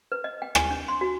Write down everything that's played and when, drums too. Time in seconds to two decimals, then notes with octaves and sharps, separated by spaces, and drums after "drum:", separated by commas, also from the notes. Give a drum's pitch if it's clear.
0.12 B4
0.24 D#5
0.42 G5
0.55 G#5, drum: rim click
0.71 D4
0.88 C6
1.01 F#4